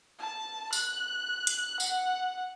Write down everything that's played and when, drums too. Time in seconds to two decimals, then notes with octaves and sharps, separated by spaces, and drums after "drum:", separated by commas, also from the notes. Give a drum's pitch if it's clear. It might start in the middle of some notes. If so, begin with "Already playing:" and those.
0.19 A5
0.73 F#6, drum: tambourine
1.47 drum: hi-hat
1.80 F#5, drum: tambourine